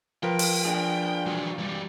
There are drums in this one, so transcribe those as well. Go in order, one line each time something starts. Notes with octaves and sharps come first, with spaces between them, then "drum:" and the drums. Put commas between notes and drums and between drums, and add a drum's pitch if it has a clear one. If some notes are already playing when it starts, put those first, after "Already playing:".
F3 A#4 B4 G5
drum: open hi-hat
D4 F4 G#4
E3 F#3
E3 G3